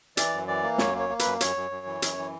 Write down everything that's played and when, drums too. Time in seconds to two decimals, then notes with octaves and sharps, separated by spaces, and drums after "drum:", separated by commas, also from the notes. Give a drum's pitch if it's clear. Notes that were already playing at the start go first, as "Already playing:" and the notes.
0.17 E3 D5, drum: hi-hat
0.33 F#2
0.48 E3 D5
0.63 A#3
0.78 F#2 C#5, drum: snare
0.95 A#3 C#5
1.09 A#3
1.19 B4, drum: hi-hat
1.25 F#2
1.41 F#2 C#5, drum: hi-hat
1.56 F#2
1.71 F#2
1.86 E3
2.02 F#2, drum: hi-hat
2.18 E3